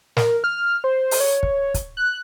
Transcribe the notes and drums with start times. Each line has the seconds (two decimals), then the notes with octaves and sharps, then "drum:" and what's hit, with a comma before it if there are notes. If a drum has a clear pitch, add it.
0.17 A#4, drum: snare
0.44 F6
0.84 C5
1.11 drum: open hi-hat
1.20 C#5
1.43 drum: kick
1.74 drum: kick, hi-hat
1.97 F#6